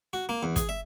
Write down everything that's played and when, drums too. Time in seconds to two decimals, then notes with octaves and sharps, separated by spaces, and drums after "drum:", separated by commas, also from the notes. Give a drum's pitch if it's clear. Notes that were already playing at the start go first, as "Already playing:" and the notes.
0.13 F#4
0.29 A#3
0.43 E2
0.56 G#4, drum: kick, hi-hat
0.69 E5